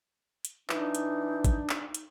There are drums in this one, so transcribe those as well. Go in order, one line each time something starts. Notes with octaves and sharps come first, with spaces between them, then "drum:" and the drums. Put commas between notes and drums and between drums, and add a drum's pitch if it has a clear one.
drum: hi-hat
E3 D4 D#4, drum: clap
drum: hi-hat
drum: kick, hi-hat
drum: clap
drum: hi-hat